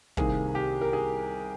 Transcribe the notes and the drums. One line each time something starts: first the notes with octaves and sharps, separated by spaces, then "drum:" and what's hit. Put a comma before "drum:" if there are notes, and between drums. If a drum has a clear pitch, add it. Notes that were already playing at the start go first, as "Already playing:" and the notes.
C2 C3 D#3 A#3 G#4, drum: kick
G4
A#4
G#4